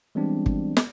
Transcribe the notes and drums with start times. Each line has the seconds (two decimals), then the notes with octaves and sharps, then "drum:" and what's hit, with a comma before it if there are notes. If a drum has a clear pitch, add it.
0.15 E3 G3 G#3 B3 C4 D4
0.46 drum: kick
0.77 drum: snare